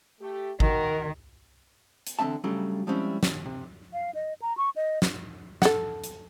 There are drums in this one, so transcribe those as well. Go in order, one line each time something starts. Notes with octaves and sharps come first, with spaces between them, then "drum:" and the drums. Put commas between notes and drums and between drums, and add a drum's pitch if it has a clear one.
A3 G4
D#3 F#4 A#4, drum: kick G#1
drum: hi-hat
E2 D3 G#3 C4 E5 A5
G2 C#3 F#3 G3 A3
F3 G3 G#3 C4 C#4 E4
D#2, drum: snare
C3
F5
D#5
A#5
C#6
D#5
drum: snare
A4 F#5, drum: snare
drum: hi-hat